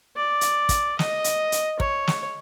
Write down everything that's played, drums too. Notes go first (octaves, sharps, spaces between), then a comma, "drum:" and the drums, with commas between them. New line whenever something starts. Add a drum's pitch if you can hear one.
D5
drum: hi-hat
drum: kick, hi-hat
D#5, drum: snare
drum: hi-hat
drum: hi-hat
C#5, drum: kick
drum: snare